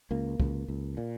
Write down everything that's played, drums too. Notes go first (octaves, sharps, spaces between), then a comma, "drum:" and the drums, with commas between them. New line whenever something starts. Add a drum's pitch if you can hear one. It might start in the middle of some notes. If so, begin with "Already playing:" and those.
C#2 A#3
C#2, drum: kick
C#2
A#2